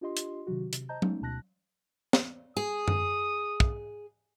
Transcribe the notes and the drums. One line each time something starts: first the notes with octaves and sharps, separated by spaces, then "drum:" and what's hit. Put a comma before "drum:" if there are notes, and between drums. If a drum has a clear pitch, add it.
D4 F4 G4 D#5 C6
drum: hi-hat
C3 D#3 F#3 F#4
C3, drum: hi-hat
C5 D#5 A5 A#5 G6
G#3 A3 B3 C#4 D#4, drum: tom F#3
D2 B2 A5 F#6 A#6
drum: snare
G#4 D#6
drum: tom F#2
drum: kick